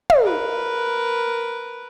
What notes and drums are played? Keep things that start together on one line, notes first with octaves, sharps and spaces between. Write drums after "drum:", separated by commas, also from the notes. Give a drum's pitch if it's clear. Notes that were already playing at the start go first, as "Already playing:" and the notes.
drum: tom
A#4 B4